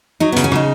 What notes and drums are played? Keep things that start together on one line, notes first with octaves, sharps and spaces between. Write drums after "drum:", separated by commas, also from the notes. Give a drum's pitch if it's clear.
F#3 D#4
B3
C#3, drum: hi-hat
C#4
C#3 D#4, drum: rim click